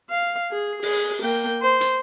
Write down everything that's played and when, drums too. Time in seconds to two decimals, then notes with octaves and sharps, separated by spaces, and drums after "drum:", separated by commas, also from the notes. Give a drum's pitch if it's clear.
0.10 F5
0.51 G#4
0.83 G#4, drum: open hi-hat
1.22 A#3 G5
1.62 C5
1.81 drum: hi-hat